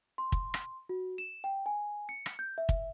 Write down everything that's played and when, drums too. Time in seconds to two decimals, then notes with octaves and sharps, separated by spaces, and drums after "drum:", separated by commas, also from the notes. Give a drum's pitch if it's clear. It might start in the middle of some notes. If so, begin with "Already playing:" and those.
0.18 C6
0.32 drum: kick
0.54 drum: rim click
0.89 F#4
1.18 E7
1.44 G5
1.66 G#5
2.09 C#7
2.26 drum: rim click
2.39 G6
2.58 E5
2.69 drum: kick